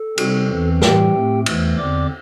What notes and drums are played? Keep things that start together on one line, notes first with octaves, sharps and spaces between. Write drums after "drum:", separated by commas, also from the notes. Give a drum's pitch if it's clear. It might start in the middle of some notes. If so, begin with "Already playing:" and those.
Already playing: A4
C3 G3 C4, drum: cymbal
E2 E3 C4
A2 E3 G3 G4 G5, drum: snare
A2 A3 C4
E2 E3 A3, drum: cymbal
E2 D3 C4 D5 D6